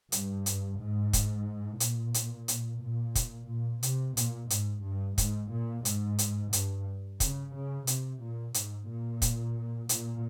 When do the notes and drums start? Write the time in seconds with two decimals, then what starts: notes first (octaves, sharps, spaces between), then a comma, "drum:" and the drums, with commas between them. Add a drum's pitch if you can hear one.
0.12 G2, drum: hi-hat
0.46 drum: hi-hat
0.80 G#2
1.13 drum: kick, hi-hat
1.80 A#2, drum: hi-hat
2.14 drum: hi-hat
2.48 drum: hi-hat
2.81 A#2
3.15 drum: kick, hi-hat
3.49 A#2
3.83 C3, drum: hi-hat
4.17 A#2, drum: hi-hat
4.50 G#2, drum: hi-hat
4.83 G2
5.18 G#2, drum: kick, hi-hat
5.52 A#2
5.85 G#2, drum: hi-hat
6.19 drum: hi-hat
6.53 G2, drum: hi-hat
7.20 C#3, drum: kick, hi-hat
7.53 C#3
7.87 C3, drum: hi-hat
8.20 A#2
8.54 G#2, drum: hi-hat
8.88 A#2
9.22 drum: kick, hi-hat
9.89 A#2, drum: hi-hat